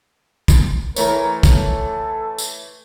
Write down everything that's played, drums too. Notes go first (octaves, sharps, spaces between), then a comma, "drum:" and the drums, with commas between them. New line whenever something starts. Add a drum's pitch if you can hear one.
drum: kick, tambourine
E3 A3 A#4 C#5, drum: tambourine
A4, drum: kick, tambourine
drum: tambourine